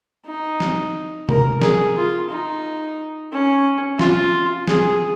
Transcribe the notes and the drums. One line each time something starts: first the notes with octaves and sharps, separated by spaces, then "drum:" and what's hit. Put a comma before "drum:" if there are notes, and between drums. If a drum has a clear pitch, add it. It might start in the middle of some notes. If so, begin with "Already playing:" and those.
D#4
drum: snare
A#4, drum: tom C3
G#4, drum: snare
F4
D#4
C#4
F4, drum: snare
G#4, drum: snare